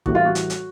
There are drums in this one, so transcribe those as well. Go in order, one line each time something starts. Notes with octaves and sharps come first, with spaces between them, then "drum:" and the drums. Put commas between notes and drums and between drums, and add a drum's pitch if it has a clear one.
A2 E3 G3 F#4, drum: kick
F4
F#4
drum: hi-hat
drum: hi-hat